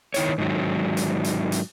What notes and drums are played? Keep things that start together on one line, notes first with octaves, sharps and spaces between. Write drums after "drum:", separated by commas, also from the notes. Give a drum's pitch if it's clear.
D#3 E4 C#5, drum: hi-hat
drum: tom
G#2 D#3 F#3
drum: hi-hat
drum: hi-hat
drum: hi-hat